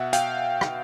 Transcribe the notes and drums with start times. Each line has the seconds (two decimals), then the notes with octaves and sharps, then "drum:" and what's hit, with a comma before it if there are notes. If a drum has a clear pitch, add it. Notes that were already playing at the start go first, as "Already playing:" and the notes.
Already playing: B2 E5 F#5
0.13 F5 G5, drum: hi-hat
0.61 drum: rim click